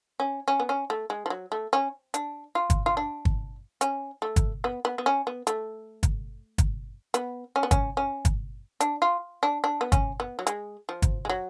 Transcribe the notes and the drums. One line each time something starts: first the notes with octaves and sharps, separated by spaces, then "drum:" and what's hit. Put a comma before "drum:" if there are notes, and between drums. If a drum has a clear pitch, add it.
C#4
C#4
B3
C#4
A3
G#3
F3
F#3
A3
C#4
D4, drum: hi-hat
F4
drum: kick, hi-hat
F4
D4
drum: kick
C#4, drum: hi-hat
A3
drum: kick, hi-hat
B3
B3
B3
C#4
B3
A3, drum: hi-hat
drum: kick, hi-hat
drum: kick, hi-hat
B3, drum: hi-hat
C#4
B3
C#4, drum: kick, hi-hat
C#4
drum: kick, hi-hat
D4, drum: hi-hat
F4
D4
D4
B3
C#4, drum: kick, hi-hat
B3
F#3
G#3, drum: hi-hat
F3
drum: kick, hi-hat
G#3
F#3